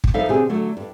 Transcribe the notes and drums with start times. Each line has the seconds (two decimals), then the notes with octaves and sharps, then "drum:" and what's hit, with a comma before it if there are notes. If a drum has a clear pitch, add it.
0.04 drum: kick
0.14 G2 F3 D#4 A4 E5 F5
0.29 B2 D3 C4 G4 G#4
0.49 D3 F#3 A3
0.77 G2